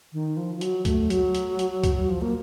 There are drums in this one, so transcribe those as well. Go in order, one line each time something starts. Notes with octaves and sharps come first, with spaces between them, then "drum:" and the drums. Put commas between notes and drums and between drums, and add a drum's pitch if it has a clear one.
D#3
F3
F3
F#3, drum: hi-hat
A3, drum: kick, hi-hat
F#3, drum: hi-hat
drum: hi-hat
drum: hi-hat
drum: kick, hi-hat
F3
A#3